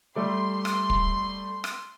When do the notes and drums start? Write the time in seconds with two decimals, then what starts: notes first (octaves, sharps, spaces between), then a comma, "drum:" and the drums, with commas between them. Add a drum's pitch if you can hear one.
0.16 G3 A3 C6 D6
0.65 drum: rim click
0.90 drum: kick
1.64 drum: rim click